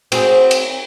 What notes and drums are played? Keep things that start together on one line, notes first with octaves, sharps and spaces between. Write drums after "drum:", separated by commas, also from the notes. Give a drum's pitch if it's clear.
C4 F#4 G#4, drum: cymbal
drum: cymbal